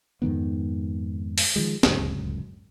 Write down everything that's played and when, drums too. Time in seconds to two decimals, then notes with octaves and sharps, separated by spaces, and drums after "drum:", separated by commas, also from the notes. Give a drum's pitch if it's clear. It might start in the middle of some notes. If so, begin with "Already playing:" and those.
0.22 F2 G#2 D#3 B3
1.38 drum: open hi-hat
1.56 D#3 F3 G#3
1.83 D1 C#2 F#2, drum: snare